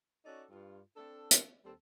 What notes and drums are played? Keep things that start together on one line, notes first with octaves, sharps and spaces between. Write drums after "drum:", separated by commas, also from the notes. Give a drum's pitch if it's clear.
C#4 D#4 F#4 A4 D5
G2 F4
C4 D4 A4
drum: hi-hat
D#2 G3 C4 A4